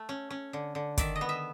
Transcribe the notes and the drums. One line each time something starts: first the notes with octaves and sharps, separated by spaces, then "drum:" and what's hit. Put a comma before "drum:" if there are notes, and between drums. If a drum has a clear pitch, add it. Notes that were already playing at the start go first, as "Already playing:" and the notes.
Already playing: A3
C#4
C#4
D3
D3
D#3 D5 E5, drum: kick, hi-hat
D#5
B3
E5